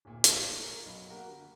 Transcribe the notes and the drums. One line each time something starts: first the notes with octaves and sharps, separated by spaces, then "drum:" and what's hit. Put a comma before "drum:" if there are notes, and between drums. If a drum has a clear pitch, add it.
D1 A#2 G#5
A3 C#4 F#4 F5 D7, drum: hi-hat
A#4
B1 F#3 B5
A#3 F#4 G4 A#4 F#5 G5
D3